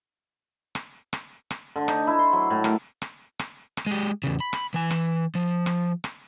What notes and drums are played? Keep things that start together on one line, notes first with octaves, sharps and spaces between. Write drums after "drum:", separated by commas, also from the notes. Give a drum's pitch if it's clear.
drum: rim click
drum: rim click
drum: rim click
D3
D#4, drum: rim click
E4
C6
F#3
A2
A#4, drum: rim click
drum: rim click
drum: rim click
drum: rim click
G#3 G4
E2 C#3
B5
drum: rim click
E3 G#5
drum: rim click
F3
drum: rim click
drum: rim click